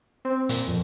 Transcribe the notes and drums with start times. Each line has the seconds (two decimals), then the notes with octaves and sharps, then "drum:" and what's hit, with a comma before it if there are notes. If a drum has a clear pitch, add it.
0.25 C4
0.49 A#2, drum: hi-hat
0.68 F2